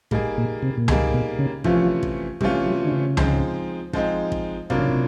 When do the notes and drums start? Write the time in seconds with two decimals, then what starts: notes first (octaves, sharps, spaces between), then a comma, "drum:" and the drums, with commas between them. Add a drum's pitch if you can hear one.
0.11 A2 G3 A#3 D#4 G#4, drum: kick
0.37 A#2
0.62 C3
0.77 A#2
0.88 B2 G3 A#3 D#4 G#4, drum: tom C#2
1.14 B2
1.39 C#3
1.64 C3 E3 F3 A3 C#4 F4, drum: kick
2.03 drum: kick
2.41 C3 E3 G3 A3 C#4 F4, drum: kick
2.66 F#3
2.84 D3
2.92 C#3
3.17 F3 G#3 C4 D#4, drum: tom C#2
3.93 F3 G#3 C4 D#4, drum: kick
4.32 drum: kick
4.70 A2 C3 F#3 A#3 D4 F4, drum: kick
4.80 C#3
4.89 C3